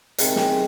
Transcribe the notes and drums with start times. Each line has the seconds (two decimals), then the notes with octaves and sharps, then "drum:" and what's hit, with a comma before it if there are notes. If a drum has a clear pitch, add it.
0.18 C3 D#3 G#3, drum: hi-hat
0.36 drum: snare